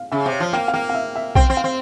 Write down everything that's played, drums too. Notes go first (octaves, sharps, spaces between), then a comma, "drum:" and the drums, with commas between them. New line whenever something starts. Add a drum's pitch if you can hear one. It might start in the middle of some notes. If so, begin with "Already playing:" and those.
Already playing: F5
C#3 E5
C3
C#5
F3
A#3 G5
F5
A#3 G5
F5
E5
E5
C4 G5, drum: kick B1
C4
F5
C4